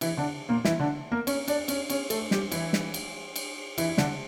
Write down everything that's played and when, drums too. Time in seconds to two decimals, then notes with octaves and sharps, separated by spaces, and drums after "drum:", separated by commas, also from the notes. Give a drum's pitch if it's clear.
0.01 E3 E4, drum: cymbal
0.17 D3 D4
0.49 A#2 A#3
0.65 E3 E4, drum: snare
0.80 D3 D4
1.12 A#3 A#4
1.27 C#4 C#5, drum: cymbal
1.48 D4 D5, drum: cymbal
1.68 C#4 C#5, drum: cymbal
1.90 C#4 C#5, drum: cymbal
2.10 A3 A4, drum: cymbal
2.31 G3 G4, drum: snare
2.52 E3 E4, drum: cymbal
2.73 drum: snare
2.94 drum: cymbal
3.36 drum: cymbal
3.78 E3 E4, drum: cymbal
3.89 E4
3.98 D3 D4, drum: snare